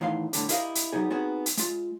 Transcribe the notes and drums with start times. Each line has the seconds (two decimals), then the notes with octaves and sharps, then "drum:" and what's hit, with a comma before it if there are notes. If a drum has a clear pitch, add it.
0.01 E2 A2 D#3 E3 F5 C6
0.33 A2 D3 G3 D4, drum: hi-hat
0.49 E4 G4 A#4 B4 D#5 F5, drum: hi-hat
0.75 drum: hi-hat
0.93 F#3 G3 B3 D#4 G#4
1.10 B3 C4 D#4 F#4 G#4 B4
1.46 drum: hi-hat
1.57 G#3 F4, drum: hi-hat